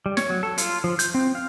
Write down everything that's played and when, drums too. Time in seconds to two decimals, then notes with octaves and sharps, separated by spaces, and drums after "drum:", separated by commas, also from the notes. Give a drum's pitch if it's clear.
0.06 G3
0.17 C#5, drum: snare
0.30 F#3
0.43 A4
0.58 F4, drum: hi-hat
0.84 F3
0.99 G6, drum: hi-hat
1.14 C4
1.35 F5